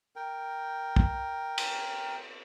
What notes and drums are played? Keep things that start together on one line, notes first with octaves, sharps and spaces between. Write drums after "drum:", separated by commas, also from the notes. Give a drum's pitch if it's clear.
A#4 G5
drum: kick
drum: cymbal